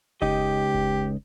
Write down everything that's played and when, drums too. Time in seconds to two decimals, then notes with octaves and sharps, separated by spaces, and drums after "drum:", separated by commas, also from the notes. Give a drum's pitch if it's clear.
0.22 C#2 D#4 G4 D#5, drum: kick F1
0.74 drum: kick F1